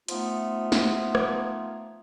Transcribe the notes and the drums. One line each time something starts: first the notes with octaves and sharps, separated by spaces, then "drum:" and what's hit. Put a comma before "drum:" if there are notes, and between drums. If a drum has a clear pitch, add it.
F3 A3 B3 D#4 F4, drum: hi-hat
drum: snare
drum: rim click